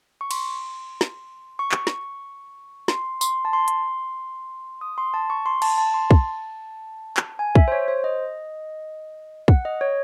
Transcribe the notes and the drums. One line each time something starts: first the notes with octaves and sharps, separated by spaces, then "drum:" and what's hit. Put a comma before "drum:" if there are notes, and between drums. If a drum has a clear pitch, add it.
C#6
C6, drum: cymbal
drum: snare
C#6
drum: clap
drum: snare
C6, drum: snare
C6, drum: tambourine
A5
C6
drum: hi-hat
D#6
C6
A5
C#6
C6
A5, drum: cymbal
A5
C6
A5, drum: kick
drum: clap
G#5
E5, drum: kick
C5
C#5
C5
D#5
F#5, drum: kick
D#5
C#5